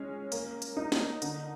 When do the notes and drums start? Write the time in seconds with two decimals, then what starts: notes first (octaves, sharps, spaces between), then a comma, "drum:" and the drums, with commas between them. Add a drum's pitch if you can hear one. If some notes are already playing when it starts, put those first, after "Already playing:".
Already playing: G#3 C#4
0.32 A#3, drum: hi-hat
0.62 drum: hi-hat
0.77 D#4
0.92 drum: snare
1.22 D3, drum: hi-hat